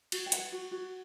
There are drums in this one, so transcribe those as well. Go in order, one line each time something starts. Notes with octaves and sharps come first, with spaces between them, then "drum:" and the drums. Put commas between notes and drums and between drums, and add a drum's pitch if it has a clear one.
F#4, drum: cymbal
G5
B4 F#5, drum: hi-hat
F#4
F#4